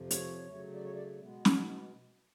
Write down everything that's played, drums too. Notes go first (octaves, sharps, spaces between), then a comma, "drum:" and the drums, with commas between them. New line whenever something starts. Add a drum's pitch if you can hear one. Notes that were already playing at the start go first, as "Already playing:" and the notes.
Already playing: F2 C3 F3
C#5, drum: hi-hat
C#3 F#3 A3
D5
C#5
D5
B2 G#3 B3
drum: snare